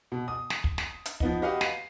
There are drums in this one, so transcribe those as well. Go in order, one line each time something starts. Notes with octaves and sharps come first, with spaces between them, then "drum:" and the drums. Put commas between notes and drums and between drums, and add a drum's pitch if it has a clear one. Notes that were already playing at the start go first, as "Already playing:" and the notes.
B2
D#6
drum: snare
drum: kick
drum: snare
drum: hi-hat
F3 B3 D#4, drum: kick
F#4 G4 B4 D#5 F5 F#5
C7 D#7, drum: snare